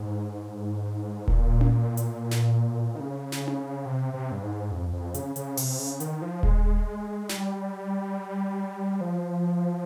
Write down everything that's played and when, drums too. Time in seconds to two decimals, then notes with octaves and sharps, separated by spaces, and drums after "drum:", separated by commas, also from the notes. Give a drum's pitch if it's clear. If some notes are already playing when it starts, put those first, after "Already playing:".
Already playing: G#2
1.28 A#2, drum: kick D#1
1.61 drum: tom C#4
1.97 drum: hi-hat
2.31 drum: snare
2.95 D#3
3.00 C#3
3.32 drum: snare
3.48 drum: tom C#4
3.85 C3
4.14 C3
4.32 G2
4.43 G#2
4.72 F2
4.93 F2
5.14 C#3, drum: hi-hat
5.36 C#3, drum: hi-hat
5.57 C3, drum: open hi-hat
5.79 C#3
6.00 D#3, drum: hi-hat
6.22 F3
6.43 G#3, drum: kick D#1
7.29 G3, drum: snare
9.01 F3